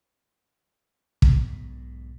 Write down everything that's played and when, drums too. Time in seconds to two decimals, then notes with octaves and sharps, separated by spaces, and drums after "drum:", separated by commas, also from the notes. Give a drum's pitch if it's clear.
1.22 B1 G#2, drum: kick